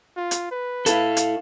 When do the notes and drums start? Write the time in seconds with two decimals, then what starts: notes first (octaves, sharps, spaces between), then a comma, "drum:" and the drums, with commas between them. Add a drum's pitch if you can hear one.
0.17 F4
0.31 drum: hi-hat
0.52 B4
0.86 E4 A4 F5, drum: hi-hat
1.17 drum: hi-hat